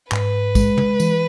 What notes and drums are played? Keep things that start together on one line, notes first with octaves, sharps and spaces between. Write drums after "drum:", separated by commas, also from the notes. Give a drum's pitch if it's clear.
G#2 B4, drum: clap
G#3, drum: kick, tambourine
drum: tom
E3, drum: tambourine